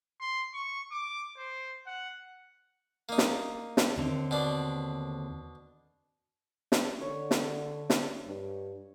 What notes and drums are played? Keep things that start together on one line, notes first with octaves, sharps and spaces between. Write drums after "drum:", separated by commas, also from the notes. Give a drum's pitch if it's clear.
C6
C#6
D6
C5
F#5
A#3 D#4
drum: snare
drum: snare
D#2 D3 C4
B2 D4
drum: snare
D3 C#5
drum: snare
drum: snare
G2